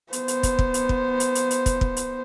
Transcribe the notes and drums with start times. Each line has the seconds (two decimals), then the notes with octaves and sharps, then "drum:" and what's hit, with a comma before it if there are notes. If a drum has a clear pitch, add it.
0.13 B3 C5, drum: hi-hat
0.28 drum: hi-hat
0.43 drum: kick, hi-hat
0.59 drum: kick
0.74 drum: hi-hat
0.89 drum: kick
1.20 drum: hi-hat
1.35 drum: hi-hat
1.51 drum: hi-hat
1.66 drum: kick, hi-hat
1.81 drum: kick
1.97 drum: hi-hat